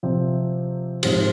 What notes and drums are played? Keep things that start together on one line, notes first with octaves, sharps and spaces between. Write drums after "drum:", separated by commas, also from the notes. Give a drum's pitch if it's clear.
C3 F3 C4
G#2 F3 C4 G4, drum: cymbal